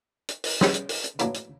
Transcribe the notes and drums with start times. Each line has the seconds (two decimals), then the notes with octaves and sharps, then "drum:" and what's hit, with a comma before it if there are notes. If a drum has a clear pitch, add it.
0.29 drum: hi-hat
0.44 drum: open hi-hat
0.61 G#3 B3 C#4, drum: snare
0.74 drum: hi-hat
0.89 drum: open hi-hat
1.04 drum: hi-hat
1.19 A2 E3 F#3 A#3 D4, drum: hi-hat
1.34 drum: hi-hat